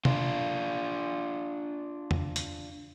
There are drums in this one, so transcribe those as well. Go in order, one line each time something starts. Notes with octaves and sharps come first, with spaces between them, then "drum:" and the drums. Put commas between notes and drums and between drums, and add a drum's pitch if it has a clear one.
D4 F4, drum: tom
drum: tom
drum: hi-hat